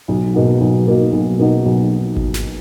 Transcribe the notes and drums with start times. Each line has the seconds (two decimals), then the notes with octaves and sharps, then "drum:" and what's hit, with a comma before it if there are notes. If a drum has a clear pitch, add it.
0.08 B1
0.34 B2 A#3 D#4 F#4
0.61 B1
0.87 B2 A#3 D#4 F#4
1.12 B1
1.39 B2 A#3 D#4 F#4
1.65 B1
2.17 drum: kick G#1
2.34 drum: snare